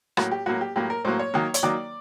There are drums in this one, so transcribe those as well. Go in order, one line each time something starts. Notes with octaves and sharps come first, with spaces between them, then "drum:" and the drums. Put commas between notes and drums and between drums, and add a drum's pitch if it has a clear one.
A2 F#3 A#3 F#4, drum: rim click
G4
A2 F#3 A#3 F#4
G4
A2 F#3 A#3 G4
A#4
A2 F#3 A#3 C5
C#5
D#3 F#3 A#3
C#5, drum: hi-hat
D#3 F#3 A#3 D5